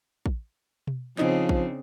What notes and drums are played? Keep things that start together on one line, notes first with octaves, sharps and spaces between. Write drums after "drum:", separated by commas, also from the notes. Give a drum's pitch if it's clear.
drum: kick
drum: tom B2
C#3 F3 C4 D4 D#4, drum: clap
drum: kick